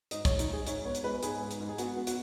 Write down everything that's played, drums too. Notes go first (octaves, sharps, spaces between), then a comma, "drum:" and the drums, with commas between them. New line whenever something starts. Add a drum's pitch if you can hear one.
G#2 D#5, drum: hi-hat
C#5, drum: kick, hi-hat
G#3
D#4, drum: hi-hat
G#2 G#4
G#2 C#5, drum: hi-hat
B3 C#5
drum: hi-hat
G#3 B4
G#2 G#4, drum: hi-hat
G#2
drum: hi-hat
G#2
G#4
B3 F#4, drum: hi-hat
B3
F#4, drum: hi-hat